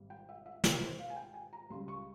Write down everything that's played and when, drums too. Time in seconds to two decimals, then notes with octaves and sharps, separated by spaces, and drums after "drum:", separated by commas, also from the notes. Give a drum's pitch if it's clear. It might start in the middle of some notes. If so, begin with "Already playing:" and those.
Already playing: G#1 G#2 G3
0.10 G5
0.29 E5
0.46 E5
0.64 C#5, drum: snare
0.82 C5
0.99 F5
1.10 G#5
1.16 G5
1.34 G#5
1.53 A#5
1.70 C#2 C#3 G3 C6
1.88 C#6